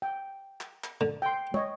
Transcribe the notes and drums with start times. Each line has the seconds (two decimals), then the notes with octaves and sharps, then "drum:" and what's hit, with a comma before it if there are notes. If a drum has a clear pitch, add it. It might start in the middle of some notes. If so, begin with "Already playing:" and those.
0.02 G5
0.61 drum: clap
0.84 drum: clap
1.01 D3
1.22 G5 C6
1.54 C#5 D#5, drum: tom